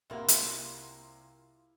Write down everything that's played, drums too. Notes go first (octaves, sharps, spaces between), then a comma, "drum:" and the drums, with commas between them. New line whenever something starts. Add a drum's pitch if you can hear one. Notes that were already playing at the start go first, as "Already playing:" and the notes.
C2 A#3 E4 F4 F#5
drum: hi-hat